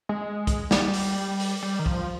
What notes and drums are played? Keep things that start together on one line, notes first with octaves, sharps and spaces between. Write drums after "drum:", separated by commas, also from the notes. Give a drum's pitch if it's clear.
G#3
drum: kick, hi-hat
G3, drum: snare
drum: open hi-hat
drum: open hi-hat
G3
D#3
F3, drum: kick